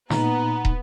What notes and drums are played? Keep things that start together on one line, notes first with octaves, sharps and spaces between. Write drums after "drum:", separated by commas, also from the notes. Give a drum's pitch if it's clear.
A#2 B3 D#4 A#5, drum: snare
drum: kick